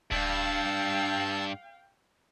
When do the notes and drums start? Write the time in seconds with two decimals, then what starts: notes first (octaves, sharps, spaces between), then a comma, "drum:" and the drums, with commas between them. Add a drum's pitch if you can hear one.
0.11 G2 F5 G5 A5 E6, drum: kick D1